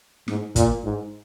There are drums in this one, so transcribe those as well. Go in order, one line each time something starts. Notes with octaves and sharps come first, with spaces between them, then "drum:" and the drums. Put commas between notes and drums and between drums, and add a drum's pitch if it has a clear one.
G#2, drum: snare
A#2, drum: kick, hi-hat
G#2